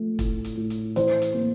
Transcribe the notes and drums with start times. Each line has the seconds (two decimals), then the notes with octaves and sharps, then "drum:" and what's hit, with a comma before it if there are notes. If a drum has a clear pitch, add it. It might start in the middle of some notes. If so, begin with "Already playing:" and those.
Already playing: F3 A3
0.19 A2, drum: kick E1, hi-hat
0.45 drum: hi-hat
0.57 A2
0.70 drum: hi-hat
0.96 E3 C5, drum: hi-hat
1.22 drum: hi-hat
1.34 A#3